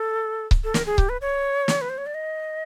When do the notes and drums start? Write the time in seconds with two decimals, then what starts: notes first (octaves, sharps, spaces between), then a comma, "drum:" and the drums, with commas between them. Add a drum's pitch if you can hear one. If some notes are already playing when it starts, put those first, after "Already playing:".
Already playing: A4
0.51 drum: kick C#1
0.64 A4
0.74 A#4, drum: snare
0.86 G#4
0.98 G4, drum: kick C#1
1.09 B4
1.21 C#5
1.68 drum: snare
1.81 B4
1.90 C5
1.98 C#5
2.06 D5
2.14 D#5